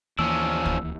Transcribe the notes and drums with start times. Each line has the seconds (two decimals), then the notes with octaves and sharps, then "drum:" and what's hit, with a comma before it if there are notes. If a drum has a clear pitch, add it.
0.19 D#2 E3 F3 A#3 C#4 D4 E6
0.66 drum: kick